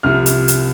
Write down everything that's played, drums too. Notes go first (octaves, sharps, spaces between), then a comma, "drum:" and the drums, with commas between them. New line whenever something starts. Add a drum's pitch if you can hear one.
C2 C3 F3 F6
drum: hi-hat
drum: hi-hat